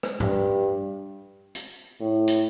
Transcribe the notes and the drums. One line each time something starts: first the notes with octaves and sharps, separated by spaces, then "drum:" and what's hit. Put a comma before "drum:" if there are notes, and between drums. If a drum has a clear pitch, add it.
drum: rim click
G2, drum: tom
drum: hi-hat
A2
drum: hi-hat